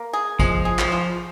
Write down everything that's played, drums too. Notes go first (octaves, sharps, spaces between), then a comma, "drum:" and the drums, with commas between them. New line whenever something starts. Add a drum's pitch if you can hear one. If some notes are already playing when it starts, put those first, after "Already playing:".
Already playing: A#3
G#4
F3 G#3, drum: kick G#1, tambourine
G#4
F3, drum: clap
F4